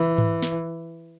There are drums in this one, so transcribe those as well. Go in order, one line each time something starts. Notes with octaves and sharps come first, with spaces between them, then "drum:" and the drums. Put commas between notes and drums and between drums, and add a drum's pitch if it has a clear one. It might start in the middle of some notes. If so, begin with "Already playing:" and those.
Already playing: E3
drum: tom G#2
drum: snare